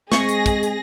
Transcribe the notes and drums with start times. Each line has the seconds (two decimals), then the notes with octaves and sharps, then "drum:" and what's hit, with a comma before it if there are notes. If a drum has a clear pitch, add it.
0.12 G#3 C4 G#4 C#6 A#6, drum: snare
0.29 drum: hi-hat
0.46 drum: kick, hi-hat
0.63 drum: hi-hat